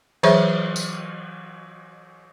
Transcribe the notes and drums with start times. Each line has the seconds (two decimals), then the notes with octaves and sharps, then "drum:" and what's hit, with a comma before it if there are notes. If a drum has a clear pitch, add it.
0.23 E3 F#3 G#4 C5 C#5 E5, drum: cymbal
0.76 drum: tambourine